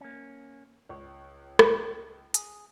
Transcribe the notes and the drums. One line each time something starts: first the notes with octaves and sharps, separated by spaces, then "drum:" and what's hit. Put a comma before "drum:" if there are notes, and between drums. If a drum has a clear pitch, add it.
A#3 C#4
C#2 C#5
drum: rim click
G#4, drum: hi-hat